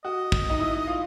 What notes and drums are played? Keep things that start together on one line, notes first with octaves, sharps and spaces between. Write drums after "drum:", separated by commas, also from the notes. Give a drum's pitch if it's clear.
F#4 D#5
drum: kick
D#4
E4
F4